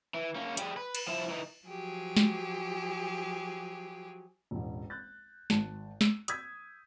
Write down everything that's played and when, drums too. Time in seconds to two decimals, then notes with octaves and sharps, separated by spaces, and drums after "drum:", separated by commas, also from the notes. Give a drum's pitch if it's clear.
0.14 E3
0.35 A#3 C#4
0.57 G3 G#4, drum: hi-hat
0.77 B4
0.95 drum: cymbal
1.08 F3 E4
1.30 E3 D#4
1.67 F3 F#3 G4 G#4
2.17 drum: snare
4.51 E1 A1
4.90 F#6 G6 A6
5.50 G#1 A5, drum: snare
6.01 E6, drum: snare
6.28 D#6 E6 G6 G#6 B6, drum: hi-hat